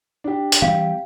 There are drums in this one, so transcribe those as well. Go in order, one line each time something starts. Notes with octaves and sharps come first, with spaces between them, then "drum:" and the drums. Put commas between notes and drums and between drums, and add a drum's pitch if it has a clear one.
D4 G4
drum: hi-hat
E3 G3 C4 G4 F5